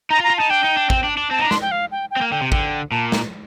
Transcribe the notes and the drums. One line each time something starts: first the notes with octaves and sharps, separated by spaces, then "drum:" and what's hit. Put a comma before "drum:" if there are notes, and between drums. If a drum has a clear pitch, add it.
D#4 A#5
F4
A#5
F4
D#4 A5
D4 G5
D#4
D4
C4, drum: kick
D4
D4
C4 A5
D#4 A#5
D4
C6, drum: snare
G5
F5
G5
G5
C4
A#3
D3 G5
C3
D3 G5, drum: kick
A#2 A5
drum: snare